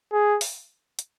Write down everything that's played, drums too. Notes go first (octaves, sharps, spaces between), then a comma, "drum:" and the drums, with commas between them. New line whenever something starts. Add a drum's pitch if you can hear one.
G#4
drum: open hi-hat
drum: hi-hat